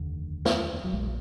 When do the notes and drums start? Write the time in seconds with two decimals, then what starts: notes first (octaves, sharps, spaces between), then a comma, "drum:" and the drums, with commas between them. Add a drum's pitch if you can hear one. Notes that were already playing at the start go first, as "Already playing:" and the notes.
Already playing: F1 D#2 D3
0.45 drum: snare
0.84 F#3
0.93 A#1 A#2 G#3